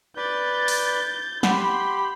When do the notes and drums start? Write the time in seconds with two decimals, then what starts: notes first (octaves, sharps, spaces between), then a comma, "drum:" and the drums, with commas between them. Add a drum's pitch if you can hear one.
0.17 B4 D5 G6 A6
0.68 drum: open hi-hat
1.43 G4 F#5 B5 C6, drum: snare